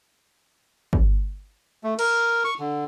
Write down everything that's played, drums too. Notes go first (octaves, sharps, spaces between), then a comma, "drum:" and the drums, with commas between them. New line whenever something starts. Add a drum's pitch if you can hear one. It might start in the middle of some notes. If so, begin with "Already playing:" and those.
drum: kick
A3
A#4, drum: cymbal
C#6
D3